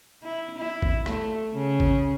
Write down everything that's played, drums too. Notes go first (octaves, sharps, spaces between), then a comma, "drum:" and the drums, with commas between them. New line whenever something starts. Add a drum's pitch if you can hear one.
E4
E4
drum: kick
A3, drum: rim click
C#3
drum: kick